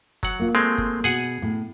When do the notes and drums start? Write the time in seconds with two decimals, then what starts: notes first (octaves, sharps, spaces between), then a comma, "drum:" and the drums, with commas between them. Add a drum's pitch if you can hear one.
0.23 F#3 F#5, drum: kick, hi-hat
0.39 A#3 F4
0.55 G#3 A3 C4
0.78 drum: kick
1.04 B2 G#4 F#5 G#5
1.42 A2